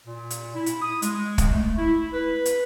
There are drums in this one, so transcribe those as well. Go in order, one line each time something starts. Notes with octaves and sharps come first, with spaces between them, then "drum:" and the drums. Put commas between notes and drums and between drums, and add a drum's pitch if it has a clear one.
A#2
drum: hi-hat
E4
drum: hi-hat
D#6
G#3, drum: hi-hat
drum: kick, hi-hat
A3
E4
B4
drum: hi-hat